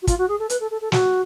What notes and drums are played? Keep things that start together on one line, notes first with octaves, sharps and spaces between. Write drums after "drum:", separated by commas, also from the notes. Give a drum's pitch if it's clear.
F#4
F4, drum: kick, hi-hat
F#4
G#4
A4
B4, drum: hi-hat
A4
A4
A4
F#4, drum: snare